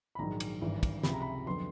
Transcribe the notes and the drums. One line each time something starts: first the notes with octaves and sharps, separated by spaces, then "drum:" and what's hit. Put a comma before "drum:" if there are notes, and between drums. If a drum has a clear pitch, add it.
B5
A#1 G#2 D#3 F#3 A#5
drum: cymbal
G#1 G2 E3
drum: kick, cymbal
C#2 C3 F3 B5, drum: snare
A#5
B5
F2 D3 F#3 B3 C6